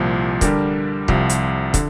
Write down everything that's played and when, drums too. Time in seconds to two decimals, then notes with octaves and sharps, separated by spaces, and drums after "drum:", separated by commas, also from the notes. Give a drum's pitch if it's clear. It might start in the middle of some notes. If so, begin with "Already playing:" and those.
Already playing: C2 A#2 F3
0.41 D3 G3 D4 G4 A#4, drum: kick, hi-hat
1.08 C2 C3 F3 C4 F4, drum: kick
1.29 drum: hi-hat
1.74 D3, drum: kick, hi-hat